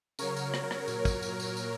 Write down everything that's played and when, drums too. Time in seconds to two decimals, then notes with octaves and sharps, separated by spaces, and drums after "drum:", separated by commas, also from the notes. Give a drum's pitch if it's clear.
0.19 C#3 F#3 A#4 C#5, drum: tambourine
0.36 drum: tambourine
0.54 drum: rim click
0.71 drum: rim click
0.88 A#2 F#3, drum: tambourine
1.05 drum: kick, tambourine
1.22 drum: tambourine
1.40 drum: tambourine
1.57 drum: tambourine